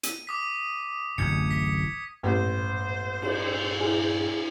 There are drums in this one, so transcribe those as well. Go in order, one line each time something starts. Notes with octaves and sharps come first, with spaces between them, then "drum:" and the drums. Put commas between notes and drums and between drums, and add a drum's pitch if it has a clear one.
D#7, drum: hi-hat
D6 D#6 B6
D1 A1 F#2 G#6 C#7
B6
A1 G2 A#2 B3 C5
drum: cymbal
E4 G#4 G#5